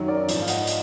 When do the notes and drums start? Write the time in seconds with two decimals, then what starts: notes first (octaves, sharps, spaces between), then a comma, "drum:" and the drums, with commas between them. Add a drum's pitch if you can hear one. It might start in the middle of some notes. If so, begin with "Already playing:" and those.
Already playing: F#2 D#3 F#3
0.08 A#4 D5
0.29 G#2 F3, drum: hi-hat
0.41 F5
0.48 D#5 F#5, drum: hi-hat
0.67 drum: hi-hat